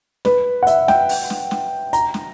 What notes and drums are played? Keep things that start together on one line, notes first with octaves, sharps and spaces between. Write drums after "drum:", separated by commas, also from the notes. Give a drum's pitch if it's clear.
B4, drum: snare
F#5
E5, drum: hi-hat
G5, drum: snare
drum: open hi-hat
drum: snare
drum: snare
A#5, drum: hi-hat
drum: snare